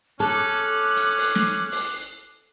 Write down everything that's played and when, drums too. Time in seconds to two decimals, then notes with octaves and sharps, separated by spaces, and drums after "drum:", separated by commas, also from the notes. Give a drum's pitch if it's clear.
0.20 C#4 A4 D6 F#6
0.96 drum: hi-hat
1.18 drum: open hi-hat
1.35 drum: snare
1.72 drum: open hi-hat